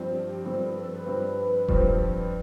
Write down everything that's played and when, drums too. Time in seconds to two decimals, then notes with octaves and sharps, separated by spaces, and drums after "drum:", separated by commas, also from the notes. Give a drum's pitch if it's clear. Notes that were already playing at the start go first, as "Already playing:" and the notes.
Already playing: G2 F3 C4
0.14 G4
0.45 G2 F3 C4 A4
0.60 B4
0.75 A4
0.91 B4
1.06 G2 F3 C4
1.68 G2 F3 C4, drum: kick D#1
2.19 B4